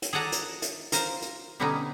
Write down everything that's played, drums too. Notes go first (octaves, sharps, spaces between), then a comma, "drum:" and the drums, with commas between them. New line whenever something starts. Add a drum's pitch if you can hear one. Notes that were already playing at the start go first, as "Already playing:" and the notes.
drum: hi-hat
G#4 A4 D5 F#5 A5 A#5
drum: hi-hat
drum: hi-hat
F4 A#4 C5, drum: hi-hat
drum: hi-hat
B2 D3 G3 B3 C#4 D#4